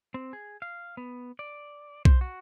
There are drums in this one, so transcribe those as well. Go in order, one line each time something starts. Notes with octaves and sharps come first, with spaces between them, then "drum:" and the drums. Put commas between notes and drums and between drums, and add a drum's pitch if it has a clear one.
C4
G#4
F5
B3
D5
C5, drum: kick B1
F#4